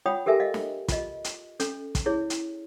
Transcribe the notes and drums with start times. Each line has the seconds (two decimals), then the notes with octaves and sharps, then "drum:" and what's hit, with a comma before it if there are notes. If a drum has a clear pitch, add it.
0.06 F4 C#5 F#5 G5 B5 D#6
0.26 G4 A4 A#4 E5 G#5
0.40 D#5 F5
0.54 drum: snare
0.88 F4 D#5, drum: kick, hi-hat
1.24 drum: hi-hat
1.60 C#4 A4, drum: hi-hat
1.95 drum: kick, hi-hat
2.06 E4 G#4 C#5
2.30 drum: hi-hat